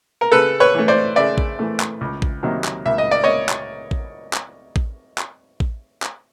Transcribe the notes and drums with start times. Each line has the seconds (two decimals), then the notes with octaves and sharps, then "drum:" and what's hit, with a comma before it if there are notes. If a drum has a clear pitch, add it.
0.21 A#4
0.32 C#3 A4 B4
0.60 B4 C#5
0.74 E3 A3
0.88 C5 D5
1.16 C#3 D5 E5
1.38 drum: kick A1
1.59 E3 A3
1.80 drum: clap
2.01 C#2
2.22 drum: kick A1
2.43 C3 D#3 F#3 A#3
2.64 drum: clap
2.85 C#2 E5
2.98 D#5
3.11 D5
3.24 C#5 D#5
3.49 drum: clap
3.91 drum: kick A1
4.33 drum: clap
4.76 drum: kick A1
5.18 drum: clap
5.60 drum: kick A1
6.02 drum: clap